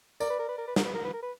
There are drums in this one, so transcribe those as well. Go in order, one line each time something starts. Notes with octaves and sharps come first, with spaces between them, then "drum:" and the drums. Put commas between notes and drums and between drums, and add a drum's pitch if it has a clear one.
A#4 D5, drum: tambourine
B4
A#4
B4
A#4
B4
A#4, drum: snare
B4
A#4
B4
A#4
B4